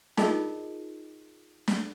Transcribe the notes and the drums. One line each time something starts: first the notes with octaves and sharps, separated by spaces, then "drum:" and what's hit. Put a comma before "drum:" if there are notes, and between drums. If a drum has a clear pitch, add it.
D#4 F4 G#4 A#4 D#5, drum: snare
drum: snare